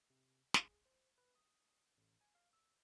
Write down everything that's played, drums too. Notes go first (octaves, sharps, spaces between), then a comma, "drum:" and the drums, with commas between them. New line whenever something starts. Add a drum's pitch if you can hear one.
C3
G#4, drum: snare
C5
B4
D#6
A1
G#5
F5
E6